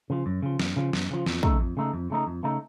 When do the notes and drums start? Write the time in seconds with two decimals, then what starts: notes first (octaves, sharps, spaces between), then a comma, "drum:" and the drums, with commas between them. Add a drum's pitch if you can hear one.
0.10 C#3 F3
0.26 F#2
0.43 C#3 F3
0.59 F#2, drum: snare
0.76 C#3 F3
0.93 F#2, drum: snare
1.10 C#3 F3
1.26 F2, drum: snare
1.43 C#3 A3 D#4, drum: kick
1.60 F2
1.77 C#3 A3 D#4
1.93 F2
2.10 C#3 A3 D#4
2.27 F2
2.44 C#3 A3 D#4